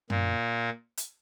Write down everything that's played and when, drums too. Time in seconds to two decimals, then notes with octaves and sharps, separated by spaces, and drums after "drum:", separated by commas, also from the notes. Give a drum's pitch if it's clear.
0.10 A#2 A#3, drum: tom F#2
0.97 drum: hi-hat